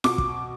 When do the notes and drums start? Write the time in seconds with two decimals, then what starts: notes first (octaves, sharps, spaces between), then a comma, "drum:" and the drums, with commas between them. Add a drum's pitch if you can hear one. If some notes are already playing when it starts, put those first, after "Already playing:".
0.04 B2 D6, drum: snare F4
0.18 drum: kick